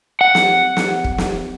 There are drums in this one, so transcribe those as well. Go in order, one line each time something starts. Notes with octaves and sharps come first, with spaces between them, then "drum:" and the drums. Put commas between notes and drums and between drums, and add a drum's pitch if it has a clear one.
F#5
drum: snare
drum: snare
drum: kick
drum: snare